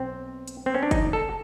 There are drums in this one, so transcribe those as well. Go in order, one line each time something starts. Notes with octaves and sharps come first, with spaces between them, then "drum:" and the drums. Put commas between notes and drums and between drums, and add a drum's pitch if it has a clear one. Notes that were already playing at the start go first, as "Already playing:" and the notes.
Already playing: B1 C4
drum: hi-hat
C4
C#4
D4
D#4, drum: kick, hi-hat
A4